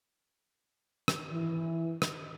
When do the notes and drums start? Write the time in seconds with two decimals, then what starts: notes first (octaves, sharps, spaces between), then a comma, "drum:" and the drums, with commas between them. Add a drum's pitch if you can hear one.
1.08 drum: rim click
1.31 E3
2.02 drum: rim click